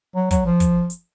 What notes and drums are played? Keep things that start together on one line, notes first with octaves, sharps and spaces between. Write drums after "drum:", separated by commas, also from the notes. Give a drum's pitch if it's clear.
F#3
F#3, drum: kick, hi-hat
F3
drum: kick, hi-hat
drum: hi-hat